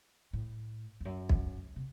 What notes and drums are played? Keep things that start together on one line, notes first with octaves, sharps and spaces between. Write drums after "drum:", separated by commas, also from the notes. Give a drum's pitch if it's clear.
A2
E2
F#2
drum: kick
C3